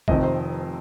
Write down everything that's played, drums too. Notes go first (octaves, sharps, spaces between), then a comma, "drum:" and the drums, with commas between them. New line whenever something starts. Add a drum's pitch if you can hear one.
F1 F2 C3 D#3 D#5, drum: kick
C5